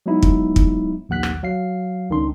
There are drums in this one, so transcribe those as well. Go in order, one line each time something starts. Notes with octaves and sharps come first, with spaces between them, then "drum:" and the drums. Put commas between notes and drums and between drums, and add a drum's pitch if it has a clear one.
F#3 G#3 B3 D#4 E4
drum: kick
drum: kick
A#1 D#2 F#5 F#6 B6
drum: rim click
F#3 F5 C7
C#2 D#3 C#4 D4 C6